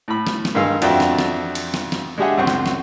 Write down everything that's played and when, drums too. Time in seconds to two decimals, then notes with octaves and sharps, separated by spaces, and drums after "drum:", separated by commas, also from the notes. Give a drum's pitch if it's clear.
0.08 A2 B5
0.27 drum: snare
0.45 drum: snare
0.55 G2 D#3 G#3 F5 E6
0.82 F2 D4 F#4 E5 G5, drum: cymbal
1.00 drum: snare
1.19 drum: snare
1.55 drum: cymbal
1.74 drum: snare
1.92 drum: snare
2.18 G#3 D4 G4 G#4 E5 F#5
2.37 C#2 F#2 C4 C5 F#5 C#6
2.47 drum: snare
2.66 drum: snare